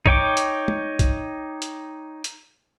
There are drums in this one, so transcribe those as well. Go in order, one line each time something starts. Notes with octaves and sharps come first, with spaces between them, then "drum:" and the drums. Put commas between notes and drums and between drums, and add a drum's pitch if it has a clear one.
D#4 C#5 G5 D6, drum: kick
drum: hi-hat
drum: tom
drum: kick, hi-hat
drum: hi-hat
drum: hi-hat